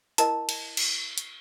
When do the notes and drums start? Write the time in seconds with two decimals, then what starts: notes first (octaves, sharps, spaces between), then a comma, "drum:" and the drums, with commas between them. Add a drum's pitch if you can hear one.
0.18 E4 A#4 D#5 A5, drum: hi-hat
0.49 drum: cymbal
0.77 drum: cymbal
1.18 drum: hi-hat